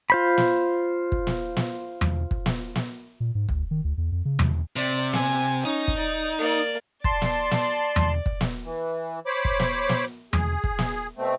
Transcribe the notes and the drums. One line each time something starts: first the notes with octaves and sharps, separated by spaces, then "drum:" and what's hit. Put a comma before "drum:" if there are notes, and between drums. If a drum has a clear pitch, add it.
F4 C5 B5
drum: snare
drum: kick
drum: snare
drum: snare
drum: tom E2
drum: kick
drum: snare
drum: snare
A#2
G#2
D2, drum: kick
D#3
D2
E2
F2
C#3
C3, drum: tom E2
C3 D5
G#5, drum: snare
C#4 D#4
drum: kick
D5
A#3 D5
D5 A5 C6, drum: kick
drum: snare
drum: snare
drum: tom E2
drum: kick
drum: snare
E3
C5 C#5 B5 D6
drum: kick
drum: snare
drum: snare
G#4, drum: tom E2
drum: kick
drum: snare
B2 A3 C4